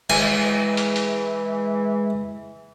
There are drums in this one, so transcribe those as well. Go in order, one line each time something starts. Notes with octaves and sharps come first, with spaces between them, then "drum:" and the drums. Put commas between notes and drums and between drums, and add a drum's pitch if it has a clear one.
E3 G#3 G#5, drum: cymbal
drum: hi-hat
drum: hi-hat